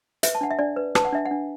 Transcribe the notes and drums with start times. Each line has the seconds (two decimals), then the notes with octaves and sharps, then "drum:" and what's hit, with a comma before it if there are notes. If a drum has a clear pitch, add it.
0.23 B4 E5, drum: hi-hat
0.35 A5
0.41 D4 F#5
0.50 E5
0.59 D4 D5
0.77 B4
0.95 B4 A5, drum: rim click
1.05 F#5
1.12 D4 E5
1.25 F#5
1.31 D4